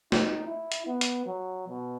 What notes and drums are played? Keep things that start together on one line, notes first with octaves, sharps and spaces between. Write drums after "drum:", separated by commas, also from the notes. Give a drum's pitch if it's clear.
D#4, drum: snare
E4
drum: hi-hat
B3
drum: hi-hat
F#3
B2